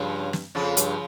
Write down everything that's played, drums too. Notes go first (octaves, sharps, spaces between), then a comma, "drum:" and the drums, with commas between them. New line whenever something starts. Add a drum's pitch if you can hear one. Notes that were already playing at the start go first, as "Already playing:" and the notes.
Already playing: G2 C#3 F3
drum: snare
F2 C#3 F3
G2, drum: hi-hat